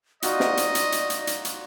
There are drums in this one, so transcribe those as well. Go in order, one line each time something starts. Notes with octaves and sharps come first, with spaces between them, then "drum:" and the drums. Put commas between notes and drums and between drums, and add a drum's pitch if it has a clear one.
D#4 F4 F#4 D5 D#5, drum: hi-hat
drum: snare
drum: hi-hat
drum: hi-hat
drum: hi-hat
drum: hi-hat
drum: hi-hat
drum: hi-hat